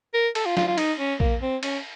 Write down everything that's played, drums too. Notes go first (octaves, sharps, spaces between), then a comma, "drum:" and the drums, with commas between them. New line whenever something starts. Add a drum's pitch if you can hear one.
A#4
A4, drum: cymbal
F4
F4, drum: snare
F4
D#4, drum: cymbal
C#4
A#3, drum: kick A#1
C4
C#4, drum: cymbal